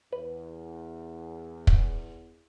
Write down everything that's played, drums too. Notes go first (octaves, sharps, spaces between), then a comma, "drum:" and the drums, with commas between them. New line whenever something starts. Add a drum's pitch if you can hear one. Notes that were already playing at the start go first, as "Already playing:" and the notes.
E2 B4
drum: kick